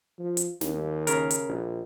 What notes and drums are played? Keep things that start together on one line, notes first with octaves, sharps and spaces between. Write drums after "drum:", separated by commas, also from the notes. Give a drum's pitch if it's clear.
F3
drum: hi-hat
D#2, drum: snare
C#3 A#4, drum: hi-hat
drum: hi-hat
A#1